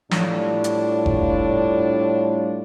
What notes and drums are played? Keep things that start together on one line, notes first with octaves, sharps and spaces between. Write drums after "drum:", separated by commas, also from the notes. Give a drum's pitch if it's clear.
A2 G3 D4 F4 C#5, drum: snare
drum: hi-hat
drum: kick F1